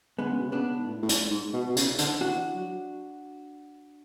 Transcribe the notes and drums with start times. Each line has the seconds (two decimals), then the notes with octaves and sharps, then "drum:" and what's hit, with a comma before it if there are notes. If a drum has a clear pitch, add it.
0.19 D3 G#3 B3
0.29 C#3
0.39 B2
0.48 C#3 B3 D4
0.79 G#2
0.86 A2
1.02 A2
1.09 G#2, drum: hi-hat
1.30 G#2
1.53 B2
1.69 B2
1.76 C#3, drum: hi-hat
1.98 D3, drum: hi-hat
2.20 E3 D4 F#4
2.55 F#3